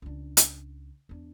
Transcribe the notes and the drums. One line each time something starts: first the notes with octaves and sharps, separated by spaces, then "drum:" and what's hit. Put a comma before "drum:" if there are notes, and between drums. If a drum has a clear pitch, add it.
C#2 D4
drum: hi-hat
E2 D4